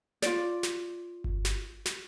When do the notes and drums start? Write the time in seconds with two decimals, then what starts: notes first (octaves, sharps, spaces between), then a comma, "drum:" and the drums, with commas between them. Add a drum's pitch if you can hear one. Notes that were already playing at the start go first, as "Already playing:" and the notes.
0.22 F4 D5, drum: snare
0.63 drum: snare
1.24 drum: kick G1
1.45 drum: snare
1.85 drum: snare